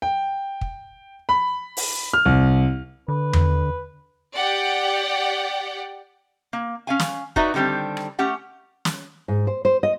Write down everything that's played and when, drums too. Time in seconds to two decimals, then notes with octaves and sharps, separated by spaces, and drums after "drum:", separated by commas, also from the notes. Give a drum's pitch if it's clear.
0.02 G5
0.61 drum: kick
1.29 B5
1.77 drum: open hi-hat
2.13 F6
2.25 C2
3.08 D3 B4
3.33 drum: tom E2
4.35 G4 D5 F#5 G5
6.53 A#3
6.87 C#4 F5 G#5
6.99 drum: snare
7.36 D#4 F#4 B4 D5 E5, drum: kick
7.54 D3 D#3 G3 C4 D4
7.97 drum: rim click
8.19 A3 C#4 G4 F#5
8.85 drum: snare
9.28 G#2
9.47 C5
9.65 C5
9.83 D#5